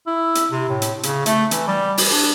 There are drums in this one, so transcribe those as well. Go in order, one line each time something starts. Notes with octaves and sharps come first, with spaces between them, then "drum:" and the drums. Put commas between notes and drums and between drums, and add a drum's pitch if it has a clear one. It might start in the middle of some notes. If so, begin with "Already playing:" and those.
E4
drum: hi-hat
C3
A2
drum: hi-hat
C#3, drum: hi-hat
A3, drum: hi-hat
E3, drum: hi-hat
G3
drum: open hi-hat
D4